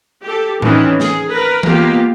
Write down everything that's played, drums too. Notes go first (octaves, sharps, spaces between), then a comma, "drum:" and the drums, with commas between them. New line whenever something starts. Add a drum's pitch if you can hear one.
G4 A4
D#3 E3 C4 C#4, drum: tom A2
G#4, drum: snare
A#4 B4
G#3 A#3 B3 F4 G4, drum: tom E3